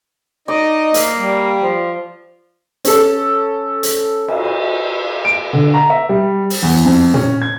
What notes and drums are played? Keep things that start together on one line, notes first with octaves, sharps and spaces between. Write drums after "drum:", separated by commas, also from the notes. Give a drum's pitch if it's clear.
D#4 D5 D#5
A#3, drum: hi-hat
G3
F3
C#4 A4, drum: hi-hat
drum: hi-hat
drum: cymbal
D7
D3
A#5
E5
G3
drum: open hi-hat
E2
F2
C#4, drum: tom A#2
G#6